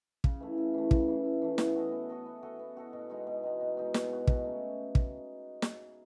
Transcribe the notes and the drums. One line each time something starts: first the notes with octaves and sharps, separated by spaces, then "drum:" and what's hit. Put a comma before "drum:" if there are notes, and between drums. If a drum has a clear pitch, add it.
C#3, drum: kick
E3 A3
C#3
E3 A3
C#3, drum: kick
E3 A3
C#3
E3 A3
B3, drum: snare
F#4 A4 D#5
B3
F#4 A4 D#5
B3
F#4 A4 D#5
B3
F#4 A4 D#5
B2
G#3 D#4 F#4
B2
G#3 D#4 F#4
B2
G#3 D#4 F#4
B2, drum: snare
G#3 D#4 F#4
B2, drum: kick
A3 C#4
drum: kick
drum: snare